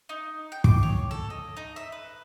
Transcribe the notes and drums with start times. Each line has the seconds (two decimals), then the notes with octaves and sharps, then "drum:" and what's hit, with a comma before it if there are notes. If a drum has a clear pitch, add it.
0.09 D#4
0.52 G5
0.64 D6, drum: kick
0.83 C#5
1.11 A4
1.30 D#5
1.57 D#4
1.76 E5
1.92 B4